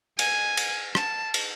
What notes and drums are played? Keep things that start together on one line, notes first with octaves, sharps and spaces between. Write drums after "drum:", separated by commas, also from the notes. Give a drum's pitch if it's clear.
G#5, drum: cymbal
drum: cymbal
A5, drum: rim click
drum: cymbal